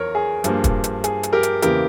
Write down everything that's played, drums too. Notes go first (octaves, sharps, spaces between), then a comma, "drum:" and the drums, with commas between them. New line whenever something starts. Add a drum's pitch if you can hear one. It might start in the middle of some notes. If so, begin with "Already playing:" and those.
Already playing: E2 F3 A#4 C#5
G#4
G2 F3 A#3, drum: hi-hat
drum: kick, hi-hat
drum: hi-hat
G#4, drum: hi-hat
drum: hi-hat
G4 A#4
drum: hi-hat
E2 C#3 E3 A#3 G4 A#4, drum: hi-hat